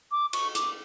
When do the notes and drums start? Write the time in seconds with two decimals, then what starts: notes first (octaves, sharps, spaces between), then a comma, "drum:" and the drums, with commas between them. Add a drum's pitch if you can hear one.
0.12 D6
0.33 C#6, drum: cymbal
0.55 D6, drum: hi-hat